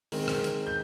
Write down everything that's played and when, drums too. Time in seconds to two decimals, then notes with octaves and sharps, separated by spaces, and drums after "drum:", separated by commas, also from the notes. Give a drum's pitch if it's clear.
0.12 D#3 G#3 C4, drum: open hi-hat
0.28 drum: rim click
0.44 drum: hi-hat
0.67 G6